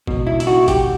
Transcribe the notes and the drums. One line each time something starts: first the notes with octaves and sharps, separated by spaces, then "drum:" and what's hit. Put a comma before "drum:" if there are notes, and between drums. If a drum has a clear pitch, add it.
C#2 B2, drum: kick
E4
E4, drum: hi-hat
F#4
G4, drum: kick, hi-hat